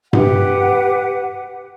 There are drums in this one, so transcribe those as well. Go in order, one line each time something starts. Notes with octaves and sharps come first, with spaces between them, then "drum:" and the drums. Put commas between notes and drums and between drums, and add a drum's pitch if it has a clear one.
G4 B4 F#5, drum: tom G2